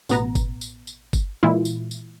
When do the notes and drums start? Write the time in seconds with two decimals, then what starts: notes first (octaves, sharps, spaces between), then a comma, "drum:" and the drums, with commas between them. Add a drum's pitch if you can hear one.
0.09 A1 B2 B3 A#5, drum: tambourine
0.35 drum: kick G1, tambourine
0.61 drum: tambourine
0.87 drum: tambourine
1.13 drum: kick G1, tambourine
1.43 A#2 E3 G#3 E4 F4
1.65 drum: tambourine
1.91 drum: tambourine